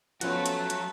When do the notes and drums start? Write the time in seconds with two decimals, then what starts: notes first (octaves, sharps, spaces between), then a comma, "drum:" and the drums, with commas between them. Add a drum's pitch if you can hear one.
0.21 F3 F#3 A3 B3 C#4 F#4 F#6, drum: hi-hat
0.46 drum: hi-hat
0.70 drum: hi-hat